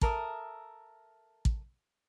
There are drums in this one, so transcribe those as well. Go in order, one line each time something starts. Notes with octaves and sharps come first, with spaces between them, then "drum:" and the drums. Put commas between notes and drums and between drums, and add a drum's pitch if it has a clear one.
A4 A#4 E5 D#6, drum: kick
drum: kick